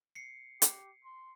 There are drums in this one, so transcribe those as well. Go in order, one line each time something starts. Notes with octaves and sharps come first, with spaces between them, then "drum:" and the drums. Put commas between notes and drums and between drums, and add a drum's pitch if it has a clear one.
C7 C#7
G4, drum: hi-hat
C6